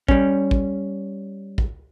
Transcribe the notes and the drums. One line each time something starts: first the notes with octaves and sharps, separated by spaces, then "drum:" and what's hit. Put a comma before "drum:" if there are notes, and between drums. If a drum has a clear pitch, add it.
G3 C#4, drum: kick A1
drum: kick A1
drum: kick A1